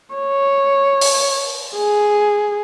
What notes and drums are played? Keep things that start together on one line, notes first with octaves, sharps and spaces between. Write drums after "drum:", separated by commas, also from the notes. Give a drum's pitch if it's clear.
C#5
drum: open hi-hat
G#4